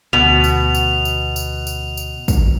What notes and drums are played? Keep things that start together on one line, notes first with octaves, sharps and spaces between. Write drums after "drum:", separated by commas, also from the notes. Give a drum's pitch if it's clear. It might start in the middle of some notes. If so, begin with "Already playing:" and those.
D2 B2 F7
drum: tambourine
drum: tambourine
drum: tambourine
drum: tambourine
drum: tambourine
drum: tambourine
drum: kick, tambourine